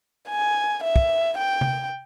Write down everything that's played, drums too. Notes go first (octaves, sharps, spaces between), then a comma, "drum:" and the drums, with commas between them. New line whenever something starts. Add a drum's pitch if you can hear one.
G#5
E5
drum: kick
G5
drum: tom C3